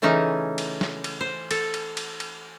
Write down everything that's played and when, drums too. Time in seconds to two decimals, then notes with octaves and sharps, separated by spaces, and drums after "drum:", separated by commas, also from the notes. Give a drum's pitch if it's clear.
0.02 C#3 E3 A3 C#4 D#4
0.58 drum: cymbal
0.81 drum: snare
1.04 drum: cymbal
1.21 C5
1.51 A4, drum: cymbal
1.74 drum: cymbal
1.97 drum: cymbal
2.20 drum: cymbal